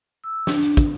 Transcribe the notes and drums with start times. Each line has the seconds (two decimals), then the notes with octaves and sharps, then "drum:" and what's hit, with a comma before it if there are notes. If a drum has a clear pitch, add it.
0.24 E6
0.47 D4, drum: snare
0.62 drum: hi-hat
0.77 drum: kick, hi-hat